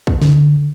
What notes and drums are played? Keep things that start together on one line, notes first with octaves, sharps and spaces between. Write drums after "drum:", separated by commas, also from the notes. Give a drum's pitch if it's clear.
drum: kick
D3, drum: snare